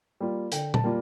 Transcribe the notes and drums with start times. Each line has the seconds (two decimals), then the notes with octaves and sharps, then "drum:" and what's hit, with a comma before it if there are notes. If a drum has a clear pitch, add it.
0.21 G3 A#3 F4
0.52 D3 G5, drum: hi-hat
0.74 A5, drum: tom A#2
0.84 G3 A#3 F4